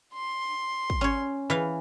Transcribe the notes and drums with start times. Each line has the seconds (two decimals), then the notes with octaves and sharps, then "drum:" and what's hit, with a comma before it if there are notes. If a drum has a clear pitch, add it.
0.14 C6
0.90 drum: kick
1.01 C#4 C#5
1.50 E3 F5